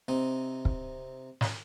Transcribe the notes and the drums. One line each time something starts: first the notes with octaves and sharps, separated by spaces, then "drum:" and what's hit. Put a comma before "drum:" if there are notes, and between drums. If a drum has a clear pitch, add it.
C3 C4 D#4
drum: kick
drum: snare